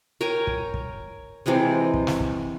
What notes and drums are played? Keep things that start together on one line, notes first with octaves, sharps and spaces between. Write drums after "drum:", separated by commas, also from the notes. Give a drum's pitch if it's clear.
A#4 C#5 G5 G#5
drum: kick
drum: kick
C3 E3 G#3 C4
drum: kick
drum: snare
drum: kick